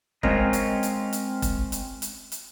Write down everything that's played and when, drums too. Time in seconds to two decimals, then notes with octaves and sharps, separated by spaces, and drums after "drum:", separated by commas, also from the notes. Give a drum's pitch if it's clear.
0.23 G#3 C4 C#4 F4 A#4 D#5, drum: kick E1
0.53 drum: hi-hat
0.83 drum: hi-hat
1.13 drum: hi-hat
1.42 drum: kick E1, hi-hat
1.72 drum: hi-hat
2.02 drum: hi-hat
2.32 drum: hi-hat